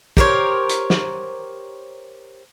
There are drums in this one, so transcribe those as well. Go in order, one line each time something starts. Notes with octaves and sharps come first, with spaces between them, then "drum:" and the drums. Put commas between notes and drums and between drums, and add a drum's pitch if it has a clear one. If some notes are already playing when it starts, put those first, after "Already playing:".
G4 A#4 C5 C#5, drum: kick
drum: hi-hat
drum: snare